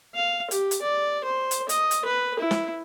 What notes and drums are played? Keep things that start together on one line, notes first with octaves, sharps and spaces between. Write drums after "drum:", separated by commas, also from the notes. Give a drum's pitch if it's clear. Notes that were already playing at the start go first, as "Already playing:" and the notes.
F5
G4, drum: hi-hat
drum: hi-hat
D5
C5
drum: hi-hat
D#5, drum: hi-hat
drum: hi-hat
B4
E4
drum: snare